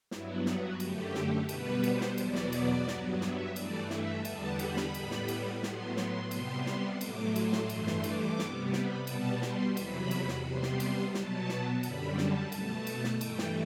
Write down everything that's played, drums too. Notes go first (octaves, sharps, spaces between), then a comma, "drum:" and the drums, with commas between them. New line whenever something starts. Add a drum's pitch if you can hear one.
G2 F#3 B3 E4, drum: snare
F#4, drum: snare
F#2 D3 A3 G4, drum: cymbal
drum: snare
B2 G3 B3 B4, drum: cymbal
C5, drum: cymbal
drum: snare
E2 B2 F#3 B3 D5, drum: cymbal
drum: snare
drum: cymbal
G2 F#3 B3, drum: snare
E5, drum: snare
G2 E3 A3 D5, drum: cymbal
E5, drum: snare
E2 D3 G3 B3 A5, drum: cymbal
B5, drum: cymbal
drum: snare
A2 G3 B3, drum: cymbal
drum: snare
drum: cymbal
A2 F#3 B3 C6, drum: snare
C6, drum: snare
C3 G3 B3 C6, drum: cymbal
drum: snare
A2 F#3 A3 D6, drum: cymbal
C6, drum: cymbal
drum: snare
G2 E3 A3 C6, drum: cymbal
drum: snare
D6, drum: cymbal
C3 G3 B3, drum: snare
B5, drum: snare
B2 G3 B3 A5, drum: cymbal
C6, drum: snare
E2 C3 F#3 B5, drum: cymbal
drum: cymbal
drum: snare
C3 G3 B3 C6
drum: snare
drum: cymbal
B2 F#3 B3 A5, drum: snare
drum: snare
F#2 D3 G3 B5, drum: cymbal
A5, drum: snare
B2 A3 A5, drum: cymbal
drum: cymbal
drum: snare
G2 E3 A3 G5, drum: cymbal
drum: snare